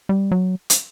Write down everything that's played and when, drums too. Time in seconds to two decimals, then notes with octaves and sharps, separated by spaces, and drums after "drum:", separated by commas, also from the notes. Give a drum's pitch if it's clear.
0.09 G3
0.31 F#3
0.70 drum: hi-hat